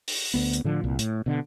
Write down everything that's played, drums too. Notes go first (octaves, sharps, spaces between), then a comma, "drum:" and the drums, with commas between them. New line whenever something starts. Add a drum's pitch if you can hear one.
drum: open hi-hat
D2 B3
drum: hi-hat
A2 D3 F3
C2 A#2
A2, drum: hi-hat
B2 D3